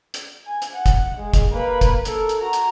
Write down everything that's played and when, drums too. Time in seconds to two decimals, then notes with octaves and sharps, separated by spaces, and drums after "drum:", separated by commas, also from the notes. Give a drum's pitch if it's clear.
0.14 drum: hi-hat
0.45 G#5
0.62 drum: hi-hat
0.75 F#5
0.86 drum: kick, hi-hat
1.17 G#3
1.34 drum: kick, hi-hat
1.51 A#3 B4
1.81 drum: kick, hi-hat
2.05 A4 A#4, drum: hi-hat
2.29 drum: hi-hat
2.39 F#4 A#5
2.53 drum: hi-hat